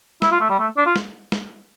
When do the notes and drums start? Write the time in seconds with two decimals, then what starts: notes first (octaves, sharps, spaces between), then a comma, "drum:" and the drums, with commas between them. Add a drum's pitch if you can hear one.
0.22 E4, drum: snare
0.32 F4
0.40 A3
0.50 G3
0.59 A3
0.77 D4
0.86 F4
0.96 drum: snare
1.32 drum: snare